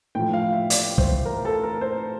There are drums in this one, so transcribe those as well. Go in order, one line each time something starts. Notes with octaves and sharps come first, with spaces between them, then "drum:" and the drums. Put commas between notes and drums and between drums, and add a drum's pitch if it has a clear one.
A2 F3 G5
F5
E5
D5, drum: hi-hat
C5, drum: kick
A#4
A4
A#4
C5